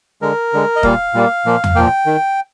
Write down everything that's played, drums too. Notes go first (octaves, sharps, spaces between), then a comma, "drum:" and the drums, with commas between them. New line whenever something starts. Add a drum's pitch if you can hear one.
D3 G#3 A#4
D3 G#3
D#5
A#2 G3 A#3 F5, drum: kick
A#2 G3 A#3
A#2 F3 A#3
drum: tom E2
A#2 F3 A#3 G5
D#3